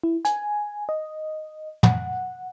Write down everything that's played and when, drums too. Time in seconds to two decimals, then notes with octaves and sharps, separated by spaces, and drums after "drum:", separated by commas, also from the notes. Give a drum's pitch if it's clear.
0.03 E4
0.25 G#5, drum: hi-hat
0.89 D#5
1.83 F#5, drum: tom